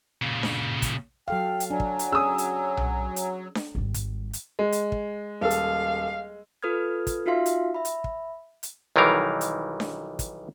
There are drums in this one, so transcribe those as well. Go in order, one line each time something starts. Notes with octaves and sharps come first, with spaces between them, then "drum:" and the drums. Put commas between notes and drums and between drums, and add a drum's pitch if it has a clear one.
A#2 C#3
drum: snare D4
drum: kick, hi-hat
F#3 A4 F5 G5
drum: hi-hat
F#3 D4 G#5
drum: kick
drum: hi-hat
C#4 G#4 D#6 E6
drum: hi-hat
drum: tom B1
drum: hi-hat
drum: snare D4
G#1 G3
drum: kick, hi-hat
drum: hi-hat
G#3
drum: hi-hat
drum: kick
D#1 A4 F5
drum: hi-hat
F4 A4 B4 D#6 F6 G#6
drum: kick, hi-hat
D#4 F4 F#4 E5 F5 C6
drum: hi-hat
E5 B5
drum: hi-hat
drum: kick
drum: hi-hat
B1 D#3 E3 G3 A#4 F5
drum: hi-hat
drum: snare D4
drum: kick, hi-hat